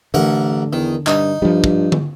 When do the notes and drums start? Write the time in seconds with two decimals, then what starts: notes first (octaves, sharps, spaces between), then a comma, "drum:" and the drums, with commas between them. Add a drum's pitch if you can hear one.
0.14 A1 D3 A#4 F#5
0.73 E2 D#3
1.07 G2 D#4, drum: clap
1.42 G2 F3 G3
1.64 drum: kick
1.92 drum: tom D3